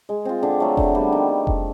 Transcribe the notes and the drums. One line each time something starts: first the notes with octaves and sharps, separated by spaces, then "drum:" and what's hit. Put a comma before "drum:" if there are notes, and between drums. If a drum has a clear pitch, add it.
G#3
C4 F4
D3
F#3 A3
D3, drum: kick F1
G3 B3
D#3
drum: kick F1